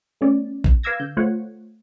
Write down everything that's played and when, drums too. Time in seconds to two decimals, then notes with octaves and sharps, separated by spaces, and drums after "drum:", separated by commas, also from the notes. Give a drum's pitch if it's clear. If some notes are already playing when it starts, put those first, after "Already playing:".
0.21 A3 B3 C#4 D5
0.64 drum: kick A#1
0.83 B4 F5 D6 E6 G#6 A#6
1.00 D3 G6
1.17 A3 F4 C5 C#5 F#5